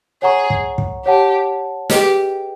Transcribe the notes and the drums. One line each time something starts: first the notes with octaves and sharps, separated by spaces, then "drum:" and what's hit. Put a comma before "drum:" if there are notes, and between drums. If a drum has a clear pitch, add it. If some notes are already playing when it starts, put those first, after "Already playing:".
G#4 C#5 F#5 A#5 C#6
drum: kick
drum: kick
G4 C#5 F#5 A5
G4 G#4 B4 D#5 G5, drum: snare